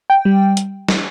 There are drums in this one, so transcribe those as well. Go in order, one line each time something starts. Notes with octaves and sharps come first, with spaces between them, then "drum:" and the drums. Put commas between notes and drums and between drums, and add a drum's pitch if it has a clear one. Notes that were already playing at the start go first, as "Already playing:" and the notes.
G5
G3
drum: hi-hat
drum: snare